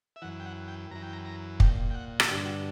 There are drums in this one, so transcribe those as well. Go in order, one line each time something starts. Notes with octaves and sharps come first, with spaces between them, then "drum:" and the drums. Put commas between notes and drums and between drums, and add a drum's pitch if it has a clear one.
E5
F#2 E3 F#5
G5
F#5
G5
F#2 E3 A#5
G5
A#5
A#5
A#2 G5, drum: kick
G5
F#5
F#4, drum: rim click
G2 D3 G4
F#4